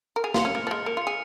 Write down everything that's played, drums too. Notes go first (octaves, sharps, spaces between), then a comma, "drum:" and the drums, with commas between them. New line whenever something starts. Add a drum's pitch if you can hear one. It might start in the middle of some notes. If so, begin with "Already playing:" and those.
A#4
G#4 F7
F4, drum: snare
C#7
C#4
A#3 F6
F3
G#3 F6
A#3 F7
F4
C#7
G#4